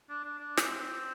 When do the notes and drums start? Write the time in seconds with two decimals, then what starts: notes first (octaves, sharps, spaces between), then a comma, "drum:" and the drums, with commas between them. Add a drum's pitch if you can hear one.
0.10 D4
0.24 D4
0.38 D4
0.57 drum: snare
0.66 C4